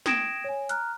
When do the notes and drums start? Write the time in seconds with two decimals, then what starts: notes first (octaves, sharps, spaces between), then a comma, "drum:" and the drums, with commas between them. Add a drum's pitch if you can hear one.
0.06 G5 D#6 G#6 A#6 D7 E7, drum: snare
0.44 C#5 G#5
0.69 A#5 F6 F#6, drum: hi-hat